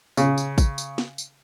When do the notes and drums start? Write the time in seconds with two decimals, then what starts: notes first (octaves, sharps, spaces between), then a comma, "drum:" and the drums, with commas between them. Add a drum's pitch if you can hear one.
0.17 C#3, drum: tambourine
0.38 drum: tambourine
0.58 drum: kick, tambourine
0.78 drum: tambourine
0.98 drum: snare
1.18 drum: tambourine